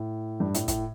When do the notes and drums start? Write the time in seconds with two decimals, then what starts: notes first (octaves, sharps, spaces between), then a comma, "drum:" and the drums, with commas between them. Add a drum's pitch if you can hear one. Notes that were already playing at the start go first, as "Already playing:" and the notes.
Already playing: A2
0.40 G2
0.54 A2, drum: hi-hat
0.68 A2, drum: kick, hi-hat